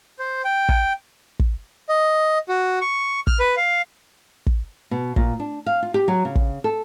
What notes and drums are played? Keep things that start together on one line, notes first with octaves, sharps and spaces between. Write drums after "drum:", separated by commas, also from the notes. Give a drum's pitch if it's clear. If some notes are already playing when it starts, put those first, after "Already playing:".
C5
G5
drum: kick
drum: kick
D#5
F#4
C#6
F6, drum: kick
B4
F5
drum: kick
B2
A#2, drum: kick
D4
F5
F4
G4
F#3
C#3
drum: kick
A4